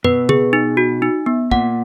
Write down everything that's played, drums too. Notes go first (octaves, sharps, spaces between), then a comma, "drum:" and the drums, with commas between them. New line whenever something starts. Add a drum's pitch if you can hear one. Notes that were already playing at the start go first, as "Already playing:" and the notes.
B2 B4, drum: tom
G#4, drum: tom
D#4
F#4
D#4
B3
A#2 F#5, drum: kick